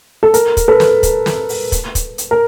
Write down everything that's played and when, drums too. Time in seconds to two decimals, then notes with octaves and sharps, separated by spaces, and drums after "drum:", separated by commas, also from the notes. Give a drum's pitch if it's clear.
0.23 A4
0.34 A#4, drum: hi-hat
0.57 drum: kick, hi-hat
0.68 A4 B4
0.80 drum: snare
1.03 drum: kick, hi-hat
1.26 drum: snare
1.49 drum: open hi-hat
1.72 drum: kick, hi-hat
1.95 drum: kick, hi-hat
2.18 drum: hi-hat
2.31 A#4